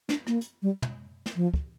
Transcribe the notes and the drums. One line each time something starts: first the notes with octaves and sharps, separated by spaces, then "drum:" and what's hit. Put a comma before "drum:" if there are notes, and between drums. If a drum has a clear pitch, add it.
D4, drum: snare
A#3, drum: rim click
drum: hi-hat
G3
drum: tom
drum: snare
F3
drum: kick